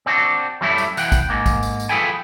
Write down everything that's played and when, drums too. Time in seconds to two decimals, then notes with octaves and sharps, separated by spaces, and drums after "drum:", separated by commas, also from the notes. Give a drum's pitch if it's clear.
0.06 C4 D4 F#4
0.61 F#2 F#3 G3 A3 E4
0.78 drum: tambourine
0.97 E3 F#5 G5, drum: tambourine
1.12 drum: kick G#1, tambourine
1.30 G#2 A#3
1.46 drum: kick G#1, tambourine
1.63 drum: tambourine
1.80 drum: tambourine
1.89 F3 G#4 A4 B4 G5 G#5